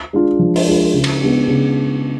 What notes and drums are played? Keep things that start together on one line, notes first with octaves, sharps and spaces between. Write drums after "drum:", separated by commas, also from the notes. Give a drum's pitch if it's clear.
G#3 D4 F4
F3
drum: open hi-hat
G#3 D4 F4
C#3
drum: cymbal
G#3 B3 D4 G#4
C#3